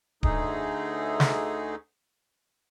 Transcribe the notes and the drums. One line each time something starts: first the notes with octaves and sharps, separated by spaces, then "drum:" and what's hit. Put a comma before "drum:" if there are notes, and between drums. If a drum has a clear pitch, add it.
D2 D3 A3 D#4 G#4, drum: kick D1
drum: snare